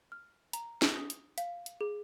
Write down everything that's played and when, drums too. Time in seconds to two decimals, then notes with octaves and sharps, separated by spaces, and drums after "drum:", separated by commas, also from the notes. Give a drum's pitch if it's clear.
0.12 F6
0.53 A#5, drum: hi-hat
0.82 drum: snare
0.96 D#6
1.10 drum: hi-hat
1.38 F5, drum: hi-hat
1.66 drum: hi-hat
1.81 G#4